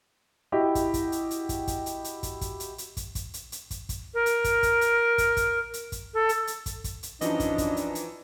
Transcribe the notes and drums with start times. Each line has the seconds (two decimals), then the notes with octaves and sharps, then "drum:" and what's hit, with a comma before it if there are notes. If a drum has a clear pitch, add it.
0.52 E4 F#4 G4 D#5
0.75 drum: kick, hi-hat
0.94 drum: kick, hi-hat
1.12 drum: hi-hat
1.31 drum: hi-hat
1.49 drum: kick, hi-hat
1.68 drum: kick, hi-hat
1.86 drum: hi-hat
2.04 drum: hi-hat
2.23 drum: kick, hi-hat
2.41 drum: kick, hi-hat
2.60 drum: hi-hat
2.78 drum: hi-hat
2.97 drum: kick, hi-hat
3.15 drum: kick, hi-hat
3.34 drum: hi-hat
3.52 drum: hi-hat
3.71 drum: kick, hi-hat
3.89 drum: kick, hi-hat
4.14 A#4
4.26 drum: hi-hat
4.44 drum: kick, hi-hat
4.63 drum: kick, hi-hat
4.81 drum: hi-hat
5.18 drum: kick, hi-hat
5.37 drum: kick, hi-hat
5.74 drum: hi-hat
5.92 drum: kick, hi-hat
6.14 A4
6.29 drum: hi-hat
6.47 drum: hi-hat
6.66 drum: kick, hi-hat
6.84 drum: kick, hi-hat
7.03 drum: hi-hat
7.21 F#2 E3 F3 D4 D#4 D#5, drum: hi-hat
7.40 drum: kick, hi-hat
7.58 drum: kick, hi-hat
7.77 drum: hi-hat
7.95 drum: hi-hat